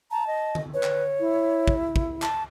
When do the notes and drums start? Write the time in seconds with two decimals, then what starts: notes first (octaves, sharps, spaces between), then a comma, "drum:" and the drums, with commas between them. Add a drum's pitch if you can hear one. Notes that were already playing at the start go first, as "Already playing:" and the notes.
0.11 A5 A#5
0.27 D#5
0.55 drum: tom D3
0.74 B4 C#5
0.83 drum: clap
1.20 E4
1.68 drum: kick
1.96 drum: kick
2.22 A5, drum: clap